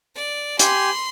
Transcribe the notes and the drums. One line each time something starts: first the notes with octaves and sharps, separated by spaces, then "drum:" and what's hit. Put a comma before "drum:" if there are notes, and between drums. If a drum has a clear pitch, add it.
D5
G4 G#5 B5 C6, drum: hi-hat